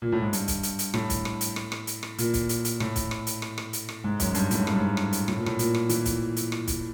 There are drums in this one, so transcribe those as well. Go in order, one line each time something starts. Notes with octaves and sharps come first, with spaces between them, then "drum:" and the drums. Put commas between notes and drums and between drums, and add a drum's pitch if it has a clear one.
A#2
A2
G#2
G2, drum: hi-hat
drum: kick, hi-hat
drum: hi-hat
drum: hi-hat
A2, drum: rim click
drum: kick, hi-hat
drum: rim click
drum: hi-hat
drum: rim click
drum: rim click
drum: hi-hat
drum: rim click
A#2, drum: hi-hat
drum: kick, hi-hat
drum: hi-hat
drum: hi-hat
A2, drum: rim click
drum: kick, hi-hat
drum: rim click
drum: hi-hat
drum: rim click
drum: rim click
drum: hi-hat
drum: rim click
G#2
F#2, drum: kick, hi-hat
G2, drum: hi-hat
A2, drum: hi-hat
G#2
G2, drum: rim click
G#2
drum: rim click
drum: hi-hat
A2, drum: rim click
A#2
A2, drum: rim click
A#2, drum: hi-hat
drum: rim click
E3, drum: hi-hat
drum: kick, hi-hat
drum: hi-hat
drum: rim click
drum: kick, hi-hat